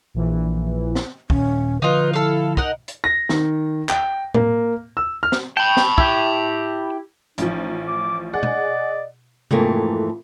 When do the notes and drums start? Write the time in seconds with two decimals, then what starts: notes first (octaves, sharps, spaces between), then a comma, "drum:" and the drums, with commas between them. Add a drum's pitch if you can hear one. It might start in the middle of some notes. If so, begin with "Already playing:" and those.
0.14 A#1 E3
0.95 drum: snare
1.30 D#1 C#4, drum: kick
1.82 D3 F3 D#4 F4 B4
2.13 E4 A4 F5
2.57 D#4 A#4 F#5, drum: kick
2.88 drum: hi-hat
3.04 A#6
3.29 D#3, drum: snare
3.89 G5, drum: clap
4.34 A#3, drum: tom A2
4.97 E6
5.23 F6
5.32 drum: snare
5.57 G5 A5 B5
5.77 drum: snare
5.98 E4 G4, drum: kick
7.38 A1 F3 D#4, drum: hi-hat
7.88 D6
8.33 G#4 D5 D#5 F#5
8.43 drum: tom B2
9.51 F2 G#2 E3 A3 A#3, drum: tom C3